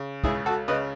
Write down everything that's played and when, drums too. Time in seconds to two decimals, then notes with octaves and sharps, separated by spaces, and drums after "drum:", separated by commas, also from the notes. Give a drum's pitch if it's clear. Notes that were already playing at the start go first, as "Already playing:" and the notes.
Already playing: C#3
0.24 C#2 E4 G#4, drum: kick
0.46 F#4 A4
0.68 C#3 B4 D#5